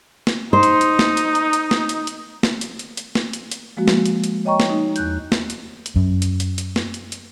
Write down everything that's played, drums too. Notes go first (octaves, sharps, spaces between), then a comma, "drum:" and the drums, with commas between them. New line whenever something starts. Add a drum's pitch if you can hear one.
drum: snare
D#4 C5
drum: hi-hat
drum: hi-hat
drum: snare
drum: hi-hat
drum: hi-hat
drum: hi-hat
drum: snare
drum: hi-hat
drum: hi-hat
drum: snare
drum: hi-hat
drum: hi-hat
drum: hi-hat
drum: snare
drum: hi-hat
drum: hi-hat
F3 G#3 A#3 F#4
drum: snare
drum: hi-hat
drum: hi-hat
C#5 D#5 G5 A#5 C#6
drum: snare
D#4
E2 F#6 G6, drum: hi-hat
drum: snare
drum: hi-hat
drum: hi-hat
F#2
drum: hi-hat
drum: hi-hat
drum: hi-hat
drum: snare
drum: hi-hat
drum: hi-hat